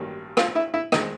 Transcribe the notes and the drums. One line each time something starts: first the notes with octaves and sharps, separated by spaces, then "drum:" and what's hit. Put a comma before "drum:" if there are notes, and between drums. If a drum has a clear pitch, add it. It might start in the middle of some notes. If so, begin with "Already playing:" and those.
Already playing: A1 G2 D#3 F#3 A#3
F4 F5, drum: rim click
E4 E5
E4 E5
D#3 G#3 D#4 D#5, drum: rim click